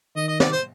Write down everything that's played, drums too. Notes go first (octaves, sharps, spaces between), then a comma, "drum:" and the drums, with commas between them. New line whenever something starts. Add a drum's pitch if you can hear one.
D#3 D#5
D#5
D5, drum: snare
C5